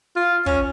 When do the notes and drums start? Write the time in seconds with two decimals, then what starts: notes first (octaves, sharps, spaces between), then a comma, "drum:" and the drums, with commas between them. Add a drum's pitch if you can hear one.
0.16 F4
0.46 C#4, drum: kick